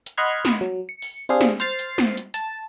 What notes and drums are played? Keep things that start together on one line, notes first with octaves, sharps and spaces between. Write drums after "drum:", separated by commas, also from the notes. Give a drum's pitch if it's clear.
drum: hi-hat
D#5 F#5 B5 C6 F6 G#6
drum: snare
F#3
C#7
drum: open hi-hat
C4 D4 G4 G#4 F5
drum: snare
C5 F6 A6 C7, drum: hi-hat
drum: hi-hat
drum: snare
drum: hi-hat
A5, drum: hi-hat